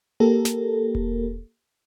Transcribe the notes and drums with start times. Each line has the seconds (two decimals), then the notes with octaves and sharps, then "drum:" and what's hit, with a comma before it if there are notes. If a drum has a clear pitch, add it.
0.20 A#3 G4 A4 A#4
0.45 drum: snare
0.95 drum: kick E1